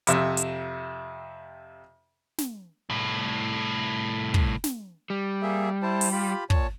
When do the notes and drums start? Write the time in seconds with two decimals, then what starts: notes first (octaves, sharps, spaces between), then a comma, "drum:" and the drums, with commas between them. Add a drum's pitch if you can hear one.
0.07 F2 C3 E5, drum: hi-hat
0.37 drum: hi-hat
2.38 drum: snare
2.90 C2 A2
4.34 drum: kick
4.64 drum: snare
5.10 G3
5.42 A#3 G#4 E5
5.83 E4 C5 A5
6.01 drum: open hi-hat
6.12 F4 G4 B5
6.50 A#2 C#5 A5, drum: kick